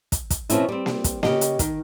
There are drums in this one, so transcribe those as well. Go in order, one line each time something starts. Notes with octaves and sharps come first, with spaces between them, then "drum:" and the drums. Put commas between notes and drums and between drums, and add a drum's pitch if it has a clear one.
drum: kick, hi-hat
drum: kick, hi-hat
B2 F3 C4 C#4 E4, drum: hi-hat
G3 C4
drum: snare A#3
drum: kick, hi-hat
C#3 G4 D#5, drum: snare A#3
drum: hi-hat
D#3, drum: kick, hi-hat